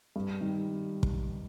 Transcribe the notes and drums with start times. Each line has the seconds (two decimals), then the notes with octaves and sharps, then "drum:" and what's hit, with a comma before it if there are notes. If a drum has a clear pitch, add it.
0.16 G2
0.41 D#3 G3
1.03 drum: kick